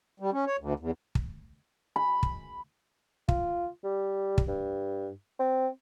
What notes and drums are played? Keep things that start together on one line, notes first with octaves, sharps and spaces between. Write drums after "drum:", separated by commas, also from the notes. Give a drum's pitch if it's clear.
G3
C#4
C#5
D2
E2
drum: kick
B5
drum: kick
F4, drum: kick
G3
drum: kick
G2
C4